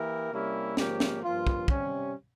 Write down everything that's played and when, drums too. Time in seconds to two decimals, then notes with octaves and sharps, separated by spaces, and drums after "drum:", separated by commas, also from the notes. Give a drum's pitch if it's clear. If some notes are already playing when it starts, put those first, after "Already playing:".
Already playing: E3 A#3 E4 G4 A#4
0.31 C3 G3 A#3 C#4 E4
0.77 G#2 F3 A#3 C#4 G4, drum: snare
1.00 drum: snare
1.23 G2 F3 A#3 F4
1.47 drum: kick
1.68 C3 G3 C#4, drum: kick